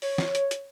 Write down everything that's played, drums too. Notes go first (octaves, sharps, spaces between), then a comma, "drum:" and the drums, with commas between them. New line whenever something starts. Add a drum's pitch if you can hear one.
C#5, drum: open hi-hat
drum: snare
drum: hi-hat
drum: hi-hat